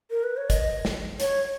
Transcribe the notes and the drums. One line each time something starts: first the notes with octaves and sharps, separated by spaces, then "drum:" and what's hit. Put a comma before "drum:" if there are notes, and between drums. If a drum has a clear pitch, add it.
A#4
B4
C#5
D#5, drum: kick, hi-hat
drum: snare
C#5, drum: hi-hat